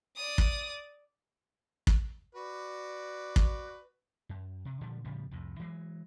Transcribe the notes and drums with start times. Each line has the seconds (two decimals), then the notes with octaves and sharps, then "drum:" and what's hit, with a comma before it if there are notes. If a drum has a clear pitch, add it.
0.17 D5 D#6
0.38 drum: kick
1.87 drum: kick
2.35 F#4 B4 D5
3.36 drum: kick
4.29 F#2
4.65 C3
4.81 A#2 D3 F3 G3
5.04 A2 C#3 F3 G3
5.31 C2 F2 A2
5.59 E3 F#3 G#3